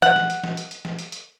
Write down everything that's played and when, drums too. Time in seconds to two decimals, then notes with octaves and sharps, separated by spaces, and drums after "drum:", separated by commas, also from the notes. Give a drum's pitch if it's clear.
0.02 F#5, drum: snare
0.16 drum: snare
0.30 drum: hi-hat
0.44 drum: snare
0.57 drum: hi-hat
0.71 drum: hi-hat
0.85 drum: snare
0.99 drum: hi-hat
1.12 drum: hi-hat